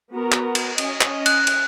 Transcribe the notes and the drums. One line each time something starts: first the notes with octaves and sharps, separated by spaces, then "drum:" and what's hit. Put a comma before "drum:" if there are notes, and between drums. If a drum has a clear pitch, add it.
B3 F#4 A#4
drum: clap
drum: cymbal
C#4 D#5, drum: cymbal
drum: clap
F#6, drum: cymbal
drum: cymbal